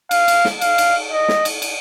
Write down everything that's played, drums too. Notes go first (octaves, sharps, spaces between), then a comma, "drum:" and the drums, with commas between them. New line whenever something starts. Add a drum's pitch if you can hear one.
F5, drum: cymbal
drum: cymbal
drum: snare
F5, drum: cymbal
drum: cymbal
D#5
drum: snare
drum: cymbal
drum: cymbal